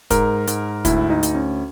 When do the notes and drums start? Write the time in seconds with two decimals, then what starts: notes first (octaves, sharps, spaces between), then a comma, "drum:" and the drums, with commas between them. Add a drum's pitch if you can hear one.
0.10 G#2 A#4, drum: kick, hi-hat
0.47 G#2, drum: hi-hat
0.85 D2 E4, drum: kick, hi-hat
1.10 D#4
1.23 D2, drum: hi-hat
1.35 C#4